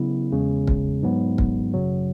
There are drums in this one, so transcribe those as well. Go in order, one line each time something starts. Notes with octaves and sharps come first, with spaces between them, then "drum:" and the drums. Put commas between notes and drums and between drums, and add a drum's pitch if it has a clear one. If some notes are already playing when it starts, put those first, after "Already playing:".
Already playing: C#3 F#3 B3 E4
E2 C#3 G#3
drum: kick
G#2 F#3 B3
drum: kick
G#1 F#2 C#3 F#3